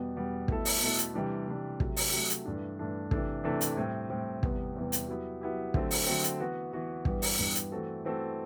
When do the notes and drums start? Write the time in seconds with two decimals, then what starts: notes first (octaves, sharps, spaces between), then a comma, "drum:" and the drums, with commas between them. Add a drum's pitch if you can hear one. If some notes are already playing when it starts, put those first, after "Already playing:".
Already playing: E2 B2 G3 B3
0.16 E2 B2 G3 B3
0.48 B2 A3 E4 A4, drum: kick
0.65 drum: open hi-hat
0.82 B2 A3 E4 A4
0.98 drum: hi-hat
1.14 C3 E3 G3 D4
1.48 C3 E3 G3 D4
1.80 C3 F#3 A3, drum: kick
1.97 drum: open hi-hat
2.13 C3 F#3 A3
2.29 drum: hi-hat
2.45 G2 E3 A3 D4
2.79 G2 E3 A3 D4
3.11 C3 E3 A3 D4 A4, drum: kick
3.44 C3 E3 A3 D4 A4
3.61 drum: hi-hat
3.77 A2 G3 C4
4.10 A2 G3 C4
4.43 E2 C3 E3 G3 B3, drum: kick
4.75 E2 C3 E3 G3 B3
4.92 drum: hi-hat
5.08 F#3 B3 E4 G4
5.41 F#3 B3 E4 G4
5.74 D3 F#3 A3 C4, drum: kick
5.91 drum: open hi-hat
6.07 D3 F#3 A3 C4
6.23 drum: hi-hat
6.39 E3 B3 F#4
6.73 E3 B3 F#4
7.05 G2 E3 G3 B3, drum: kick
7.22 drum: open hi-hat
7.38 G2 E3 G3 B3
7.55 drum: hi-hat
7.72 E3 A3 C4 F#4 A4
8.05 E3 A3 C4 F#4 A4